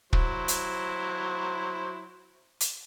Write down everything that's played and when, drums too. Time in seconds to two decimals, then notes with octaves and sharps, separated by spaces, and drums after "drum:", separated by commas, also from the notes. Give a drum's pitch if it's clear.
0.13 F#3 E4 C5, drum: kick
0.48 drum: hi-hat
2.60 drum: hi-hat